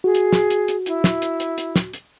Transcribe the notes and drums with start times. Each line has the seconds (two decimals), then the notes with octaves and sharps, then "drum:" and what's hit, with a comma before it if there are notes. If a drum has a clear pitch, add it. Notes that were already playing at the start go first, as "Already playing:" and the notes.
0.04 F#4 G#4
0.15 drum: hi-hat
0.33 drum: snare
0.50 drum: hi-hat
0.68 drum: hi-hat
0.86 E4, drum: hi-hat
1.04 drum: snare
1.22 drum: hi-hat
1.40 drum: hi-hat
1.58 drum: hi-hat
1.76 drum: snare
1.93 drum: hi-hat